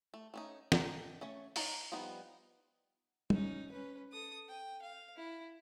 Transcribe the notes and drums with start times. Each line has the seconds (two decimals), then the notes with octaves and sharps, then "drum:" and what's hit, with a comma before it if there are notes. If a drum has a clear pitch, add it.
0.14 A3
0.34 A3 C#4 D#4
0.72 G#3 G4 A4 A#5, drum: snare
1.21 A3 C#4 C#5
1.56 D#4 C#5 A5 A#5, drum: open hi-hat
1.92 F3 G3 B3 D#4
3.30 C#4 D#4, drum: tom
3.71 C#4 B4
4.12 A4 D#6
4.48 G5
4.82 F5
5.16 E4